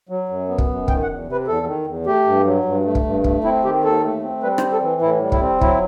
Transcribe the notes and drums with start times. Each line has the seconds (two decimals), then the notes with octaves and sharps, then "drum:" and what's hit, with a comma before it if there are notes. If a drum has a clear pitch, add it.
0.09 F#3
0.29 F#2
0.49 B3
0.58 drum: kick
0.68 F#2
0.88 D#3 G5, drum: kick
1.03 F#5
1.07 E2
1.27 C3 B4
1.47 E2 A4
1.66 D#3
1.87 E2
2.06 A3 G4
2.26 G2
2.45 F#3
2.65 G2
2.85 A3
2.95 drum: kick
3.05 G2
3.24 A3, drum: kick
3.44 C4 E4
3.64 D#3 G4
3.84 D#2 A4
4.03 A3
4.23 C4
4.43 G3 B4
4.58 C5, drum: rim click
4.63 C4
4.73 A4
4.82 E3
5.01 A2 E4
5.22 G3
5.32 E4, drum: kick
5.41 C4
5.61 F#3 E4, drum: kick